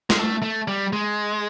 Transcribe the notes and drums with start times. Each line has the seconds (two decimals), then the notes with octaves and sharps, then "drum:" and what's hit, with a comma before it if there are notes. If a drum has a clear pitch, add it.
0.10 G#3, drum: snare
0.18 A3
0.42 A3
0.68 G3
0.93 G#3